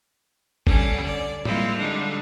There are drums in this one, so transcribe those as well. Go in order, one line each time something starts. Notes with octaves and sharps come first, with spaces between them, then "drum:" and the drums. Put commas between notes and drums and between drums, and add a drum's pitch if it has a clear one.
D3 G3 C#4 D4 D5, drum: kick G#1
D5
G3 G#3 A#3 C4 E4 F4, drum: tom
D3 G3 G#3 D4 D#4